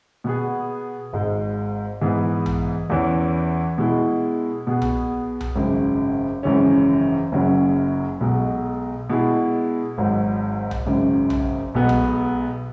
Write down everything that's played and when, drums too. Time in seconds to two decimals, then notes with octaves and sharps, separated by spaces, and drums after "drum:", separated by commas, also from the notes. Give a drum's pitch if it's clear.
0.24 B2 B3 G#4
1.13 G#1 G#2 G#3
2.01 G#2 E3 B3 G#4
2.46 drum: tom B1
2.90 E2 E3 C#4
3.78 B2 G#3 E4 G#4
4.67 B2 B3 G#4
4.82 drum: tom B1
5.41 drum: tom B1
5.55 G#1 F#2 C#3
6.43 G#1 F#2 C#3 E3 C#4
7.32 F#1 F#2 C#3 F#3 C#4
8.20 B1 B2 G#3
9.10 B2 G#3 E4 G#4
9.98 G#1 G#2 F#3
10.71 drum: tom B1
10.86 G#1 F#2 C#3
11.30 drum: tom B1
11.74 B1 B2 G#3 B3
11.89 drum: tom B1